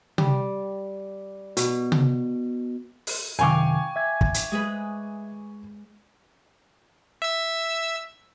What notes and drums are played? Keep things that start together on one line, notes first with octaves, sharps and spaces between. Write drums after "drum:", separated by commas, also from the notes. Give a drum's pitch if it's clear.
G3, drum: tom C3
B2, drum: hi-hat
drum: tom C3
drum: open hi-hat
F#2 C3 D#3 F5 G5 G#5 C#6 D6
E5 G#6
drum: kick
drum: hi-hat
G#3 G#4 B4
E5 E6